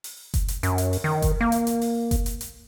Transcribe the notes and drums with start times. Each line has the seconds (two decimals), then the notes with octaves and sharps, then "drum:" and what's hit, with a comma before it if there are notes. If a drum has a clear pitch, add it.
0.04 drum: open hi-hat
0.34 drum: kick F#1, hi-hat
0.48 drum: hi-hat
0.63 F#2, drum: hi-hat
0.78 drum: hi-hat
0.93 drum: open hi-hat
1.04 D#3
1.22 drum: kick F#1, hi-hat
1.41 A#3
1.52 drum: hi-hat
1.67 drum: hi-hat
1.82 drum: open hi-hat
2.11 drum: kick F#1, hi-hat
2.26 drum: hi-hat
2.41 drum: hi-hat